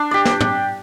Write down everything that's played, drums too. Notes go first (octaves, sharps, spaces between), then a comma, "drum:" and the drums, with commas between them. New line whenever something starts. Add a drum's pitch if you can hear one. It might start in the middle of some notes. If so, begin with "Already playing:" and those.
Already playing: D4
G4 D5
drum: snare
drum: tom